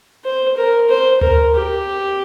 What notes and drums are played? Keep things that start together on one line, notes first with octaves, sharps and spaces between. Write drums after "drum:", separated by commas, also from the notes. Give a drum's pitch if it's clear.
C5
A#4
C5
A#4, drum: tom D2
G4